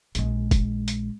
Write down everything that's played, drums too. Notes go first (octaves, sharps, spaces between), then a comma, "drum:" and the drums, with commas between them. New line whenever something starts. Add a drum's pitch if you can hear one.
A#1 G#3, drum: hi-hat
drum: kick, hi-hat
drum: hi-hat